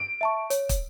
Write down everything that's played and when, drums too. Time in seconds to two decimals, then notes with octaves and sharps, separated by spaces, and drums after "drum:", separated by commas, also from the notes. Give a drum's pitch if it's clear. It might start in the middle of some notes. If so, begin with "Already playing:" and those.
Already playing: D7
0.21 E5 A5 C#6
0.50 C#5, drum: hi-hat
0.69 drum: kick, hi-hat